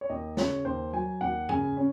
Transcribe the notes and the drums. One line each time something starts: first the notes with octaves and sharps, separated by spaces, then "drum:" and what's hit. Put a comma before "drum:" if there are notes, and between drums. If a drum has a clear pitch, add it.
C#5
D#2 D#5
C#3 C#5, drum: snare
D#2 C5
F#3 G#5
D#2 F#5
C#3 G#5, drum: tom
C#4